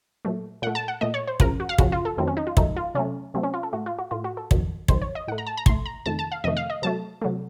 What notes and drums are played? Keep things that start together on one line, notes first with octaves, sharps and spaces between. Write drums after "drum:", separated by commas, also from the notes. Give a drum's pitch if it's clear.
A#2 F#3 A3
A#2 A3 F#5
A5
F#5
A#2 A3 D#5
C#5
C5
F#2 C#3 F3 A#4, drum: kick
F#4
F5
F#2 C#3 F3 F#4, drum: kick
F4
A4
F2 D#3 F#3 A3 C4
C#4
D#4
F4
F2 D#3 F#3 A3 D#4, drum: kick
F4
C3 F#3 A3 C#4
C3 F#3 A3 C4
C#4
F4
A4
A2 A3 F#4
F4
F#4
A2 A3 F4
F#4
A4
F2 D#3 F#3, drum: kick
F2 D#3 F#3 C5, drum: kick
C#5
D#5
A2 A3 F#5
A#5
A5
A#5
A2 A3 C6, drum: kick
A#5
F2 C3 D#3 A3 A5
A5
F5
F2 C3 D#3 A3 D#5
F5
D#5
C3 F#3 A3 A5
C3 F#3 A3